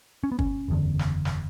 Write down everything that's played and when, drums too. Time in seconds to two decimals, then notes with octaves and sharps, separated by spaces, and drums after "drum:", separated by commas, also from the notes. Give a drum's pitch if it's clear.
0.24 C#4
0.32 B3
0.39 C#4, drum: kick
0.68 F#1 E2 D3
0.99 drum: snare
1.25 drum: snare